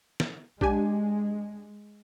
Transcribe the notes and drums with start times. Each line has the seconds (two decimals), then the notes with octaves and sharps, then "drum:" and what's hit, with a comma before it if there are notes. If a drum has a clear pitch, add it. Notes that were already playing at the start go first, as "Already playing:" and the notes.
0.20 drum: snare
0.61 G#3 D4 G4 G#5, drum: kick A#1